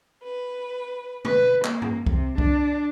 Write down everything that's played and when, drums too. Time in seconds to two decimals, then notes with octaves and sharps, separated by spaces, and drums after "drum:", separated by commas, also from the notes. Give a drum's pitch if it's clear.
0.22 B4
1.25 B4, drum: tom
1.64 A#3, drum: clap
1.82 drum: tom G#2
2.06 C3, drum: kick C2
2.38 D4, drum: kick C2